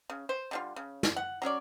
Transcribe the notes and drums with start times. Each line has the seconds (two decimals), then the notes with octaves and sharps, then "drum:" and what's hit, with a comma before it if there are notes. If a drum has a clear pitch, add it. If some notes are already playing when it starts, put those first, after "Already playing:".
0.10 C#3
0.29 C5
0.51 D3 G3 F4
0.76 C#3
1.03 drum: snare
1.16 F#5
1.42 F#3 C#4 C#5 D5